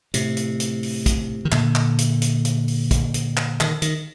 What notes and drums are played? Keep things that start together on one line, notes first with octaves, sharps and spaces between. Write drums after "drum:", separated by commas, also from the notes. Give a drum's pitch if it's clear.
A2 C3, drum: hi-hat
drum: hi-hat
drum: hi-hat
drum: open hi-hat
drum: kick, hi-hat
D#3
A#2 D3, drum: clap
drum: clap
drum: hi-hat
drum: hi-hat
drum: hi-hat
drum: open hi-hat
drum: kick, hi-hat
drum: hi-hat
drum: clap
D#3, drum: clap
D#3, drum: hi-hat